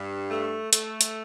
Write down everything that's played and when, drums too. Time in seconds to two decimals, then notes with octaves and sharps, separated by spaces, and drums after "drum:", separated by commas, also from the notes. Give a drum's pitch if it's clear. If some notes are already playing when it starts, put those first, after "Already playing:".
Already playing: G2
0.31 A3
0.73 A3, drum: hi-hat
1.01 drum: hi-hat